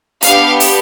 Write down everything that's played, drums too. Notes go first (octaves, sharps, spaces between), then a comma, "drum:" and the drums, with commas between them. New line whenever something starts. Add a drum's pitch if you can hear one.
B3 D4 G4 F5, drum: hi-hat
drum: open hi-hat